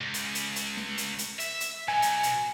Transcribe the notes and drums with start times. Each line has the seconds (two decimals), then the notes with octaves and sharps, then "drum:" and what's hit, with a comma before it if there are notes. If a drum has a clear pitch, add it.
0.01 C#2
0.14 drum: hi-hat
0.35 drum: hi-hat
0.56 drum: hi-hat
0.77 drum: snare
0.98 drum: hi-hat
1.18 drum: hi-hat
1.39 E5, drum: hi-hat
1.60 drum: hi-hat
1.88 B2 F#3 G#5
2.02 drum: hi-hat
2.23 drum: hi-hat